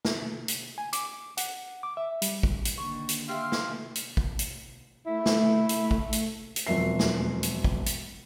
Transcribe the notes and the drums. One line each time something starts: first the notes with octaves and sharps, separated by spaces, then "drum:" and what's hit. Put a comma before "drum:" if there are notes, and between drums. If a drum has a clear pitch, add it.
drum: snare
drum: hi-hat
G#5
D6, drum: hi-hat
F#5, drum: hi-hat
D6
E5
G3, drum: hi-hat
drum: kick
drum: hi-hat
D3 D#3 A#3 C#6
drum: hi-hat
G4 E5 F5 C6
drum: snare
drum: hi-hat
drum: kick
drum: hi-hat
A3 E4
drum: snare
drum: hi-hat
drum: kick
drum: hi-hat
drum: hi-hat
E1 F2 F#3 A#4 E5 C7
drum: snare
drum: hi-hat
drum: kick
drum: hi-hat